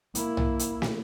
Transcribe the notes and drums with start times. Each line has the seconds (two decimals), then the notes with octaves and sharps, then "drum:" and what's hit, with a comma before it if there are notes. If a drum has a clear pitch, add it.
0.15 A#3 E4, drum: hi-hat
0.37 drum: tom
0.59 drum: hi-hat
0.82 drum: snare